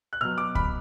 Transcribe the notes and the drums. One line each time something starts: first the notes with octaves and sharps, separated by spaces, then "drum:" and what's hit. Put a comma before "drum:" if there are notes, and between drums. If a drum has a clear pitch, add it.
F#6
B2 F#3 F6
D6
B5, drum: kick C#2